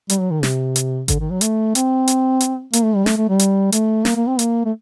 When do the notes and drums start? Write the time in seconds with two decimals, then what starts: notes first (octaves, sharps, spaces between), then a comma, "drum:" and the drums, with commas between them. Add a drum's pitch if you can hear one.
0.10 G3, drum: hi-hat
0.20 F#3
0.31 D#3
0.43 C3, drum: snare
0.76 drum: hi-hat
1.08 D3, drum: kick G#1, hi-hat
1.20 D#3
1.30 F#3
1.41 A3, drum: hi-hat
1.75 C4, drum: hi-hat
2.08 drum: hi-hat
2.41 drum: hi-hat
2.73 A#3, drum: hi-hat
2.84 A3
2.95 G3
3.06 A3, drum: snare
3.17 A3
3.29 G3
3.39 drum: hi-hat
3.72 A3, drum: hi-hat
4.05 A#3, drum: snare
4.16 A#3
4.27 C4
4.39 A#3, drum: hi-hat
4.65 A3